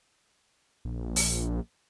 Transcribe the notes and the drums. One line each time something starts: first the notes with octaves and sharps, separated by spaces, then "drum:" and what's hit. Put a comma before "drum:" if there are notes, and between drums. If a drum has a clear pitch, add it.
A#1
drum: open hi-hat